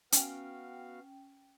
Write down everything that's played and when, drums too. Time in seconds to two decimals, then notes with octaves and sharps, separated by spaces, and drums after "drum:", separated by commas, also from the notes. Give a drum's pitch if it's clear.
0.12 B3 C#4 F#4 F5 G5, drum: hi-hat